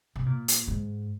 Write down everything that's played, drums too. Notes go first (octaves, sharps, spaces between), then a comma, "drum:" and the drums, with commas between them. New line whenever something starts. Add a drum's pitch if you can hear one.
C3
A#2
drum: hi-hat
G#2